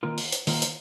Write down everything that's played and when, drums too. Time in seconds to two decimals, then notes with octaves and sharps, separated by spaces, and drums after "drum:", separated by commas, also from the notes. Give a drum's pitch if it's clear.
0.03 D#3 A#3 F4 A#4
0.18 drum: open hi-hat
0.32 drum: hi-hat
0.47 D#3 A#3 F4 A#4, drum: open hi-hat
0.62 drum: hi-hat